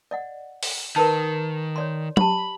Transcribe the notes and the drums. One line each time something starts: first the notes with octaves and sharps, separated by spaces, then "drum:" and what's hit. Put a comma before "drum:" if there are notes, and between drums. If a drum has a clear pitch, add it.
D5 D#5 F#5
drum: open hi-hat
D#3 A#4 B4 A5
C#5 D5 C6
G4 A5 B5, drum: tom